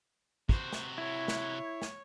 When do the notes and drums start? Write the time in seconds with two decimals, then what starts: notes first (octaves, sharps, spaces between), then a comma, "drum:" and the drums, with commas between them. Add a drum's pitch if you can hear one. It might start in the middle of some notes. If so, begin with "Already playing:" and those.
0.49 C3 F#4 C5, drum: kick
0.73 drum: snare
0.98 E4 C#5
1.28 drum: snare
1.82 drum: snare